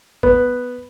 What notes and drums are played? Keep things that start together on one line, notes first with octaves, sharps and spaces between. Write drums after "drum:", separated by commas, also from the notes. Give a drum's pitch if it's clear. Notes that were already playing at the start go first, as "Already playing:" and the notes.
B3, drum: kick G#1